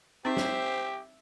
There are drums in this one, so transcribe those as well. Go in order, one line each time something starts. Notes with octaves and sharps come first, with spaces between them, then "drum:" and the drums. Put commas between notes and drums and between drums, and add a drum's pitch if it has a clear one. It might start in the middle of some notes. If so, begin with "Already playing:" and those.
C4 D#4 G4 C5 E5
drum: snare